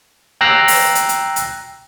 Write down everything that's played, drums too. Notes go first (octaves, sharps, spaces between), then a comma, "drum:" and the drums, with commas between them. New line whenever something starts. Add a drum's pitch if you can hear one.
G5 A#5 E6 F#6 A#6 C7
drum: open hi-hat
drum: hi-hat
drum: hi-hat
drum: hi-hat